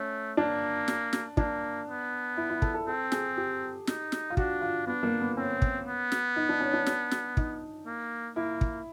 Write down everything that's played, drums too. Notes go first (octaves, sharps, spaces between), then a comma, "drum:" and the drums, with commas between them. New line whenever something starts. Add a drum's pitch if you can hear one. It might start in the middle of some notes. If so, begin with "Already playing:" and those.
Already playing: A3 C#4
A#3 D4
drum: snare
drum: snare
A#3 D4, drum: kick
B3
E4
E4
A4, drum: kick
A4
C4 A4
G#4, drum: snare
G4
D#4, drum: snare
drum: snare
F4
D4 F#4, drum: kick
F4
B3 D4
A#3
B3
C4 C#4
drum: kick
B3
drum: snare
D#4
D4
C#4
D4
drum: snare
drum: snare
D#4, drum: kick
A#3
A#3 E4
drum: kick